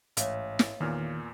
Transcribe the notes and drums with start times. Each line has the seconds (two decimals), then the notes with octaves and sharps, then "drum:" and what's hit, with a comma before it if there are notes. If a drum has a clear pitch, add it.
0.17 A1 G#2 C#5 E5 F5, drum: hi-hat
0.59 drum: snare
0.80 E2 A#2 D#3 F6